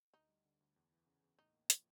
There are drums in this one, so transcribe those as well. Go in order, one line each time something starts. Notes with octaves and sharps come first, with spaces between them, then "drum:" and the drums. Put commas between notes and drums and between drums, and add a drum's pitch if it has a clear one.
D2 D#4
G3
D3
D2
E2
E3
C#3
E2
A2 D#4
A#3
F3, drum: hi-hat